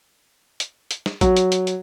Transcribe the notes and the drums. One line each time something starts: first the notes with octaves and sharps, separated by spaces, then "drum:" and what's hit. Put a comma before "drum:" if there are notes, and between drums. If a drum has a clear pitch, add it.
drum: hi-hat
drum: hi-hat
drum: snare
F#3, drum: kick A1, hi-hat
drum: hi-hat
drum: hi-hat
drum: hi-hat